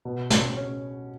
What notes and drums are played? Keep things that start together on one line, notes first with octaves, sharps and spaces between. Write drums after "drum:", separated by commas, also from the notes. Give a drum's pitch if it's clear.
B2
C#4, drum: snare
C#4